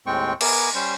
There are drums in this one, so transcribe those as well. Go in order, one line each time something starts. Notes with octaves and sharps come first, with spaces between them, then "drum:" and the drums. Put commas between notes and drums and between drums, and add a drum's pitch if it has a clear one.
D#2 A2 G#3 C4 G5 C#6
B3 A#4 G#5 D6, drum: cymbal
G3 C#4 C5